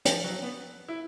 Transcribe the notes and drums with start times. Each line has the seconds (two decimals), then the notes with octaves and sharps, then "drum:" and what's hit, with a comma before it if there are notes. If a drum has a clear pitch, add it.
0.05 F3, drum: hi-hat
0.24 F#3
0.42 B3
0.88 E4